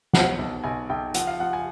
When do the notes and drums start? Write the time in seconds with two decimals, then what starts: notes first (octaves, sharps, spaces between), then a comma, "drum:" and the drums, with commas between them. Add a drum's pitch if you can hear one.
0.13 B2 F#5, drum: snare
0.39 B1
0.64 B1 G#5
0.90 B1 G5
1.14 F3 F#5, drum: hi-hat
1.27 F5
1.40 F3 F#5
1.53 G#5